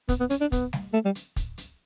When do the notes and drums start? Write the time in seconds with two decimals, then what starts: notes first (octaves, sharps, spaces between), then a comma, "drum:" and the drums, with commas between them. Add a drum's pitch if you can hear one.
0.09 B3, drum: kick, hi-hat
0.20 B3
0.30 C#4, drum: hi-hat
0.41 D4
0.52 B3, drum: kick, hi-hat
0.73 drum: snare G3
0.93 A3
1.05 G3
1.15 drum: hi-hat
1.36 drum: kick, hi-hat
1.58 drum: hi-hat